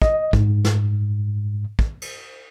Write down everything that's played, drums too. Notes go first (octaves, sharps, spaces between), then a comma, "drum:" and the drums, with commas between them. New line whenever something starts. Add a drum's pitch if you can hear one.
D#5, drum: kick
G#2, drum: kick
drum: snare
drum: kick
drum: cymbal